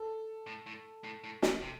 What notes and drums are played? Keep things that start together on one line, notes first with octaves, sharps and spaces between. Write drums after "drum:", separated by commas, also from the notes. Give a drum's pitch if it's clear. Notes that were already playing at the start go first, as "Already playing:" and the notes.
Already playing: A4
A2
A2
A2
A2
A2, drum: snare
C3